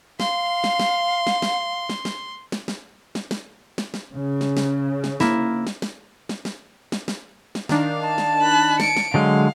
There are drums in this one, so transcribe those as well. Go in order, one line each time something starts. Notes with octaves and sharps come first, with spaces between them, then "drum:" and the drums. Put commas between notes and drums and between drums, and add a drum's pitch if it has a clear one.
F5 C6, drum: snare
drum: snare
drum: snare
drum: snare
drum: snare
drum: snare
drum: snare
drum: snare
drum: snare
drum: snare
drum: snare
drum: snare
drum: snare
C#3
drum: snare
drum: snare
drum: snare
A#3 E4, drum: snare
drum: snare
drum: snare
drum: snare
drum: snare
drum: snare
drum: snare
drum: snare
D#3 D4 D#4 F5, drum: snare
A5
drum: snare
B5 F#6
C#7 D7, drum: snare
drum: snare
D3 F#3 G#3 F5